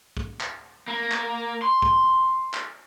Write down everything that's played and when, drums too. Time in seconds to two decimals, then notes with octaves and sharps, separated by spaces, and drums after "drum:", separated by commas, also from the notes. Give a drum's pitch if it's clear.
0.17 drum: kick
0.40 drum: clap
0.88 A#3
1.11 drum: clap
1.62 C6
1.82 drum: kick
2.53 drum: clap